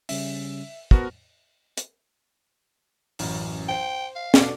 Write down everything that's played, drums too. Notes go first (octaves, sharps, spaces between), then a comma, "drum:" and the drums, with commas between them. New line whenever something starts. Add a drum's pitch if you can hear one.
C#3 G3 C#4 E5, drum: open hi-hat
G1 B3 F#4 A#4 C5 A5, drum: kick
drum: hi-hat
A1 F#2, drum: open hi-hat
C5 G5
F5
B2 D4 A4, drum: snare